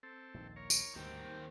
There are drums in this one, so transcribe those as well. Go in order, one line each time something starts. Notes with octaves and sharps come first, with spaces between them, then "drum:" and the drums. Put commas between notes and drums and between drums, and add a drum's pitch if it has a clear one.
C4 A4
A#1 D#2 D#3
A#4 C#5
drum: tambourine
D2 G#2 D#3 G3 C4
D#2